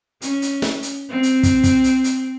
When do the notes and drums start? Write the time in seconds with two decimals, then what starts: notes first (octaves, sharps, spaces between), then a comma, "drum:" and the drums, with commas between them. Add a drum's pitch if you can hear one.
0.22 C#4, drum: hi-hat
0.42 drum: hi-hat
0.62 drum: snare
0.82 drum: hi-hat
1.10 C4
1.23 drum: hi-hat
1.43 drum: kick, hi-hat
1.64 drum: kick, hi-hat
1.84 drum: hi-hat
2.04 drum: hi-hat